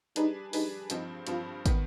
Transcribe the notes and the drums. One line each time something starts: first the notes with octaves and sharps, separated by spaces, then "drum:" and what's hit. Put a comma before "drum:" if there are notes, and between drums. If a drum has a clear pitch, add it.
G3 D4 D#4 G#4 B4, drum: hi-hat
G3 D4 D#4 G#4 B4, drum: open hi-hat
G2 F3 C4 D#4, drum: hi-hat
G2 F3 C4 F4, drum: hi-hat
D#3 B3, drum: kick, hi-hat